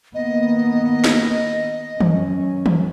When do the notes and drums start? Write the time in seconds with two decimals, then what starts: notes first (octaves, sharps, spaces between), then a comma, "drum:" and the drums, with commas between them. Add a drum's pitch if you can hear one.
0.15 D#3 A#3 B3 D#5
1.04 drum: snare
2.01 F#2 C#4, drum: tom D#3
2.66 drum: tom D#3